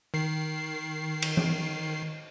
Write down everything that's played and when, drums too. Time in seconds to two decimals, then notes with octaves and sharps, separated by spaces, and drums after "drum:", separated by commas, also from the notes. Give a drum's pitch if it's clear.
0.14 D#3 C7
1.22 drum: cymbal
1.37 drum: tom E3